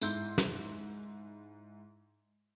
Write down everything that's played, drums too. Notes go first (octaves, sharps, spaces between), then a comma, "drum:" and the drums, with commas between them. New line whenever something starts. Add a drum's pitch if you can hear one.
G#2 E4 C6 E6 G6, drum: tambourine
drum: snare